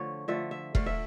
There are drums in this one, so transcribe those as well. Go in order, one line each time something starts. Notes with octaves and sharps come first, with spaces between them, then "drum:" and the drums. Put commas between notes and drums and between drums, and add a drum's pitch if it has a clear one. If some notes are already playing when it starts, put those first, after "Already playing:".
Already playing: D3 F3 A3 C#5
D3 F3 A3 E5
E5
D3 A3 F5, drum: kick E1
E5